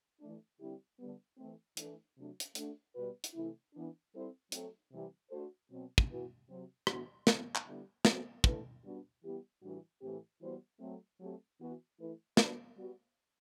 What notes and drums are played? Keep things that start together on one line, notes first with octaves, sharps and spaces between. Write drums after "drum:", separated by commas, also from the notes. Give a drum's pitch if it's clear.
E3 A3 D4
D3 G3 C4 E4 G4
D3 G3 B3
E3 A3 C4
E3 A3 D4, drum: hi-hat
C3 F#3 A3 D4
drum: hi-hat
A3 D4 F#4, drum: hi-hat
B2 G3 B3 F#4 B4
drum: hi-hat
C3 E3 A3 E4
E3 B3 D4
G3 C4 E4 A4 C5
F#3 A3 C4, drum: hi-hat
C3 E3 G3
A3 D4 F#4 A4 C5
B2 F#3 C4
drum: kick
E3 B3 F#4
C3 F#3 C4
A2 E3 B3 D4 F#4, drum: rim click
F#3 A3 C4 E4, drum: snare
drum: clap
D3 G3 B3 E4
F#3 A3 C4 F#4 C5, drum: snare
D3 A3 E4 B4, drum: kick
G3 B3 D4 F#4
E3 G3 B3 E4 G4
A2 E3 G3 D4 F#4
A2 E3 A3 C4 G4
E3 G3 B3 F#4 C5
F#3 A3 C4
F#3 A3 C4 G4
E3 B3 F#4
E3 A3 E4 B4
G3 D4 F#4 B4, drum: snare
G3 B3 F#4